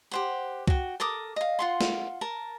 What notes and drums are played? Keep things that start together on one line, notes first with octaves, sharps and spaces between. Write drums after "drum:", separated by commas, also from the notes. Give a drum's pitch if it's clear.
G4 C5 F#5
F#4 G5, drum: kick C2
A4 A#4 D6 D#6
D#5 F5
F4 F#5 C6
drum: snare
A#4 A5